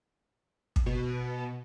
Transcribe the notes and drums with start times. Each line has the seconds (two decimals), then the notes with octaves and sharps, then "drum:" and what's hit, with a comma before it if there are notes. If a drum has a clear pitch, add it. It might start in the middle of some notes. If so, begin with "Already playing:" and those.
0.76 drum: kick
0.86 B2